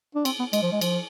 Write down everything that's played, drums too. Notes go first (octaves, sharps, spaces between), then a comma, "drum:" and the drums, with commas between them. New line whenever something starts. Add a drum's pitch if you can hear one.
D4
C4, drum: cymbal
B3
G#3, drum: cymbal
F3
G#3
F3, drum: cymbal